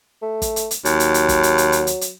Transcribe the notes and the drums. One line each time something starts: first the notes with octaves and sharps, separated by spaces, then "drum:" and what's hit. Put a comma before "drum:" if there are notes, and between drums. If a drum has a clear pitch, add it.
A3
drum: kick, hi-hat
drum: hi-hat
drum: hi-hat
D#2 F#3, drum: hi-hat
drum: hi-hat
drum: hi-hat
drum: kick, hi-hat
drum: hi-hat
drum: hi-hat
drum: hi-hat
drum: hi-hat
drum: hi-hat